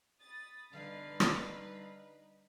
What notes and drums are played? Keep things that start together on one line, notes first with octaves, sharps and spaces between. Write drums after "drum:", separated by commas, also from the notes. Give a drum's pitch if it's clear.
B5 D#6 A6
D3 G3 D#4 B4 F5
drum: rim click